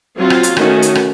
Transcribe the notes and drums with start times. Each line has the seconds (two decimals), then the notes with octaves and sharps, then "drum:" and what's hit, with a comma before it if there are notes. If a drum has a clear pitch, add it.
0.17 F#3 C4 F4
0.30 drum: rim click
0.43 drum: hi-hat
0.57 D#3 A3 C#4 F#4, drum: rim click
0.82 drum: hi-hat
0.95 drum: rim click